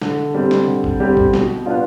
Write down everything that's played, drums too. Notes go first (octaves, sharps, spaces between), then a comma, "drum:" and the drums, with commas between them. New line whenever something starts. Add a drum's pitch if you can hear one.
D3, drum: snare
G3 C4 G4
drum: snare
D3
drum: kick
G3 C4 G4
drum: kick
B2, drum: snare
B3 D4 F4